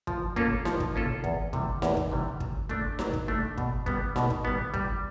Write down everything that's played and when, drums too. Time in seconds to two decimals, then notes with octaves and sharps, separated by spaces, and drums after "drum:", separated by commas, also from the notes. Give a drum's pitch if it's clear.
0.07 F3, drum: kick
0.36 A#3 C#4 F4 A4, drum: kick
0.65 F3, drum: snare D#4
0.80 drum: kick
0.95 A#3 C#4 F4 A4
1.24 E2, drum: kick
1.53 C3 E3 G3, drum: kick
1.82 E2, drum: snare D#4
1.97 drum: kick
2.11 C3 E3 G3
2.40 F#3, drum: kick
2.69 A3 D4, drum: kick
2.99 F#3, drum: snare D#4
3.13 drum: kick
3.28 A3 D4
3.57 B2, drum: kick
3.86 G3 B3, drum: kick
4.16 B2, drum: snare D#4
4.30 drum: kick
4.45 G3 B3
4.74 G3, drum: kick